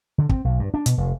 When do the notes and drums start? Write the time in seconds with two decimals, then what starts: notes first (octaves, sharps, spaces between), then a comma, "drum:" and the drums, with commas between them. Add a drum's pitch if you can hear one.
0.18 D3
0.29 C4, drum: kick
0.44 B1
0.59 G2
0.74 D4
0.86 B2, drum: hi-hat
0.98 F1